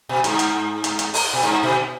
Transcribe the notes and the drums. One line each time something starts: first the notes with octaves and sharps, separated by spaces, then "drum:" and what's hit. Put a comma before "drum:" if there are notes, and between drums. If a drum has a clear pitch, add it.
B2
G#2, drum: hi-hat
drum: hi-hat
drum: hi-hat
drum: hi-hat
drum: open hi-hat
B2
G#2
B2